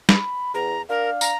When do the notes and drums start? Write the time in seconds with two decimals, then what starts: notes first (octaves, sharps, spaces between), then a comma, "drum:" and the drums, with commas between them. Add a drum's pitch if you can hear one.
0.09 B5, drum: snare
0.54 E2 A#5
0.89 D4 A#4 F5
1.21 A#5, drum: tambourine